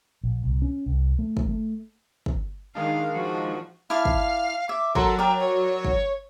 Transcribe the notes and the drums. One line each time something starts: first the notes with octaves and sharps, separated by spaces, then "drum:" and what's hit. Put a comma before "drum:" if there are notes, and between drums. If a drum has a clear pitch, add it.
A#1
C2
C#4
C2
A3
drum: kick
A3
drum: kick
D#3 G#3 D4 F5
F3 F#4
E4 F5 A5 D6 F6
drum: kick
E5 D6
F#3 F#4 A4 A#4 C6, drum: kick
A#4 D5 G5
C#5
drum: kick